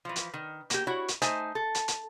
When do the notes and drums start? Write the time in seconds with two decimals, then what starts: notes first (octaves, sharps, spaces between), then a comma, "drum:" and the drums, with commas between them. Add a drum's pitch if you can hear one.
0.05 E3 F3
0.16 drum: hi-hat
0.34 D#3
0.70 A#3 G4, drum: hi-hat
0.87 E4 F#4 C#5
1.08 drum: hi-hat
1.22 A3 D#4 C5 G#5, drum: hi-hat
1.55 A4
1.75 drum: hi-hat
1.88 drum: hi-hat